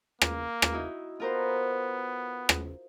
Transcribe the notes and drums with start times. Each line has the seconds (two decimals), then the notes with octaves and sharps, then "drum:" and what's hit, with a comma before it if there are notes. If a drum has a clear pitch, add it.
0.22 A#3, drum: rim click
0.62 drum: rim click
0.72 D#4 E4 F#4
1.20 B3 F4 A#4 C5
2.49 drum: rim click